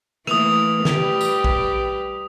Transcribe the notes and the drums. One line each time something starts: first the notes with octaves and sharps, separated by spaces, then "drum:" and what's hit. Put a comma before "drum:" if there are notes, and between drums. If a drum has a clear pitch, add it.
E3 A3 A#3 D#6 F7, drum: rim click
G3 G4 B4, drum: snare
drum: tambourine
drum: kick A#1